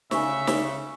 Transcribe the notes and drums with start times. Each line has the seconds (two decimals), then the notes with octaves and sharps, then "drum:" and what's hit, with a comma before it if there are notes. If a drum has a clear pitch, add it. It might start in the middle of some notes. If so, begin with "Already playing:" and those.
0.11 D2 C#3 E5 G#5 C#6, drum: snare
0.47 drum: snare